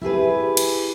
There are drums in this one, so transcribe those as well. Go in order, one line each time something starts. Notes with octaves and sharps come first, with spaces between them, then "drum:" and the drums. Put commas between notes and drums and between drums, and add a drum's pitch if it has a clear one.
E4 G4 G#4 B4
drum: cymbal